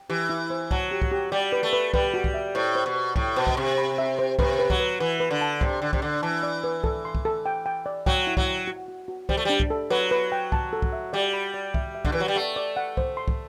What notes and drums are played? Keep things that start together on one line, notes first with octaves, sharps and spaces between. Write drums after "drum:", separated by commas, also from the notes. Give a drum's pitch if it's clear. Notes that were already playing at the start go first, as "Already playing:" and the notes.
Already playing: G5
E3 G4
E4
C5
F#3 A5, drum: kick
G4
drum: kick
G4
G3 D5
B4
A3
B4
G3 B4, drum: kick
F#4
drum: kick
E5
A2 C5
C5
B2
C5
A2 G5, drum: kick
B2 C5
drum: kick
C3 C6
B5
E5
C5
C3 B4, drum: kick
B4
F#3, drum: kick
B4
E3 B4
B4
D3
A5
C3 C6, drum: kick
D3 G5
C3, drum: kick
D3 D5
E3 A5
D5
B4
A4, drum: kick
C6
drum: kick
A4
G5
G5
D5
F#3 G5, drum: kick
E4
F#3, drum: kick
G5
F#4
F#4
F#4
G3 C5, drum: kick
A3
G3 D4
drum: kick
A4
F#3 B4
B4
G5
A5, drum: kick
A4
drum: kick
E5
G3 D5
B5
D5
E5, drum: kick
E5
D3, drum: kick
E3 B4
F#3
G3
A3 F#5
D5
F#5
C5, drum: kick
C6
drum: kick